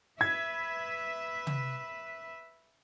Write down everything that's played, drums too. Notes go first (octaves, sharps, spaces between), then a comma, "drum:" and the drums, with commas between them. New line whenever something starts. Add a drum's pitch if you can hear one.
B4 E5 G#6
drum: tom